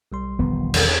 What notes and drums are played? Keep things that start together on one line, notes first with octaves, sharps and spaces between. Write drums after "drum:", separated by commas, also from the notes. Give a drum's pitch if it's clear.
B1 G3 C6
E1 D#3 F3 B3
E2, drum: cymbal